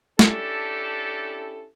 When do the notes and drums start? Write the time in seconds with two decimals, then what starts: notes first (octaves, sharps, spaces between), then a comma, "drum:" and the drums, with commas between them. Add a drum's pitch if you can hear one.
0.19 C#4 D4 E4 G4 A4, drum: snare